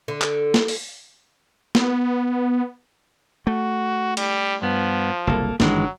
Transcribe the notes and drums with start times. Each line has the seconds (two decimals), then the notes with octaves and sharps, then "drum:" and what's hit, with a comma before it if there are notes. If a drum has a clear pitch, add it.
0.08 D3
0.22 drum: clap
0.54 drum: snare
0.68 drum: open hi-hat
1.75 B3, drum: snare
3.47 A3 F#4
4.17 G3, drum: cymbal
4.62 G2 F3 B3
5.27 F#1 C2 A2 A#3 A4
5.60 G1 F#2 D#3 E3 F#3 G#3 D4, drum: snare